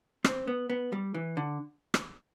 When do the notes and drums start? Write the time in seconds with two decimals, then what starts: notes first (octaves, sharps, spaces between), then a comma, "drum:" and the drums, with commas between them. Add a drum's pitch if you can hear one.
0.24 C4, drum: rim click
0.47 B3
0.70 B3
0.92 G3
1.14 E3
1.37 D3
1.94 drum: rim click